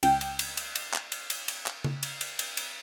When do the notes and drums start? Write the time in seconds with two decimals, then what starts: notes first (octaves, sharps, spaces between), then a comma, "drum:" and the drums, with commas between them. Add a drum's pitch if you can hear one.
0.03 C#2 G5, drum: cymbal
0.21 drum: cymbal
0.39 drum: cymbal
0.57 drum: cymbal
0.75 drum: cymbal
0.94 drum: clap
1.12 drum: cymbal
1.30 drum: cymbal
1.48 drum: cymbal
1.66 drum: clap
1.84 drum: tom C#3
2.03 drum: cymbal
2.21 drum: cymbal
2.39 drum: cymbal
2.57 drum: cymbal